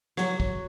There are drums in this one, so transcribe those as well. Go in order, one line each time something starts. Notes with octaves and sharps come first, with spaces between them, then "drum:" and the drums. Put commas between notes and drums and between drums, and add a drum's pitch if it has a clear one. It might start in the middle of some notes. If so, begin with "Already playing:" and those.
F#3 F#4, drum: rim click
drum: kick